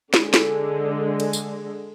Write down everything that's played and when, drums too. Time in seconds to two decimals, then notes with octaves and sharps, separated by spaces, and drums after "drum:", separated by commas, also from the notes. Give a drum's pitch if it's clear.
0.14 D3 G#3, drum: snare
0.34 drum: snare
1.20 drum: cymbal
1.33 drum: tambourine